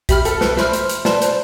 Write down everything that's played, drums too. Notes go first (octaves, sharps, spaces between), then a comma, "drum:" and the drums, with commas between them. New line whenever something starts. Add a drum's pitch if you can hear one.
G4 E5 B5 F6, drum: kick B1, hi-hat
A4, drum: hi-hat
B4, drum: snare
C5 E5 B5 F6, drum: snare
drum: hi-hat
drum: hi-hat
B4 D5 A5 C6, drum: snare
C5, drum: hi-hat